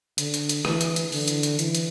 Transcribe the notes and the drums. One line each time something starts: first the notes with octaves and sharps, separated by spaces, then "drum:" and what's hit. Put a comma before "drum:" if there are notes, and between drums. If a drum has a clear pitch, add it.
D3, drum: hi-hat
drum: hi-hat
drum: hi-hat
E3, drum: rim click
drum: hi-hat
drum: hi-hat
D3, drum: open hi-hat
drum: hi-hat
drum: hi-hat
E3, drum: hi-hat
drum: hi-hat